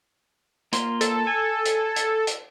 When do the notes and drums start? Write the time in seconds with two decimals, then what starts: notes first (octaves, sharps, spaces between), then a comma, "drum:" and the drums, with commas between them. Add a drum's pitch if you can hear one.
0.73 A#3 F4 C6, drum: hi-hat
1.01 A4, drum: hi-hat
1.27 G#5
1.65 drum: hi-hat
1.96 drum: hi-hat
2.27 drum: hi-hat